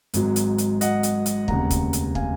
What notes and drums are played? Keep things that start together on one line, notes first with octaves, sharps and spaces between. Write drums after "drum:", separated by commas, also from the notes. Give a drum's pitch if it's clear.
G#1 G#2 F#3, drum: hi-hat
drum: hi-hat
drum: hi-hat
D#5 F#5, drum: hi-hat
drum: hi-hat
drum: hi-hat
F1 D#2 C#3 F#5 A#5, drum: kick
drum: kick, hi-hat
drum: hi-hat
F5 G#5, drum: kick